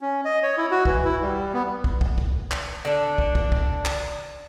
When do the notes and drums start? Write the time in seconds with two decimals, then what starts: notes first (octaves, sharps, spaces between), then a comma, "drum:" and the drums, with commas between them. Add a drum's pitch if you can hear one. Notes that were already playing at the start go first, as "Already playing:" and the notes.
0.01 C#4
0.25 D#5
0.43 C#5
0.58 E4
0.71 F#4
0.85 E3, drum: kick
1.05 E4
1.22 G3
1.54 B3
1.84 drum: kick
2.01 drum: kick
2.18 drum: kick
2.51 drum: clap
2.85 D3 D4
3.18 drum: kick
3.35 drum: kick
3.52 drum: kick
3.85 drum: clap